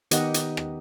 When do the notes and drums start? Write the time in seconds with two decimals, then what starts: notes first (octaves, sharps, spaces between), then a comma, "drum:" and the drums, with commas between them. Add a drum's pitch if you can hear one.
0.11 D#3 B3 D#4 G4 D#5 F#5, drum: hi-hat
0.34 drum: hi-hat
0.57 drum: rim click